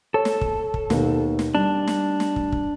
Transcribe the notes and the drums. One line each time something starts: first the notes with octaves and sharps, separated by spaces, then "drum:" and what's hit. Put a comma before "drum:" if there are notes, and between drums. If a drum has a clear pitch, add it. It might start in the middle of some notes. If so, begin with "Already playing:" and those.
A4 C#5
drum: snare
drum: kick
drum: kick
D#2 B2, drum: snare
drum: snare
G3 D4
drum: snare
drum: snare
drum: kick
drum: kick